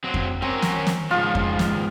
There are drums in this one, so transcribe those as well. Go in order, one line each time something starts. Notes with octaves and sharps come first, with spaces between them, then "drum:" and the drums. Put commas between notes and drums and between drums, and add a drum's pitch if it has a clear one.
F#3 C4
drum: kick F2
C4 C#4 A#4 C#5
drum: snare
drum: snare
G#2 C#3 F3 F4
drum: kick F2
drum: snare